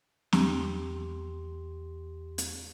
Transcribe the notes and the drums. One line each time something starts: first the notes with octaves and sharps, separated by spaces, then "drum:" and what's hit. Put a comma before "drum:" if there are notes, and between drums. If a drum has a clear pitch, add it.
E2 G4 C6, drum: snare
drum: hi-hat